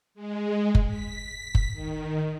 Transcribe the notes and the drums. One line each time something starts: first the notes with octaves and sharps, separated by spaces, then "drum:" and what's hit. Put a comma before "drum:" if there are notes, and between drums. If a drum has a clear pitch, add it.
G#3
drum: kick F#1
B6
drum: kick F#1
D#3